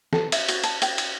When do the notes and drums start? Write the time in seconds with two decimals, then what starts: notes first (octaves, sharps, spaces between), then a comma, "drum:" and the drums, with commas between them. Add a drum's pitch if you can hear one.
0.13 A4, drum: snare
0.32 E5, drum: cymbal
0.49 F#4, drum: cymbal
0.64 A5, drum: cymbal
0.82 G5, drum: cymbal
0.98 drum: cymbal